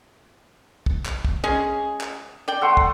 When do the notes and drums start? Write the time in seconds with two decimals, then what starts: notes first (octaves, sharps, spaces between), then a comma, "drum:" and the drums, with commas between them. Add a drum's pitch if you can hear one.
0.86 drum: kick
1.05 drum: clap
1.25 drum: kick
1.44 G#3 C#4 G#4
2.01 drum: clap
2.48 D5 G5
2.61 A3 F#5 C6
2.77 drum: kick